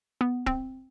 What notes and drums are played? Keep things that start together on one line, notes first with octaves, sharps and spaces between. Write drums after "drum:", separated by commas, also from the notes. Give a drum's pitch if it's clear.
B3
C4, drum: kick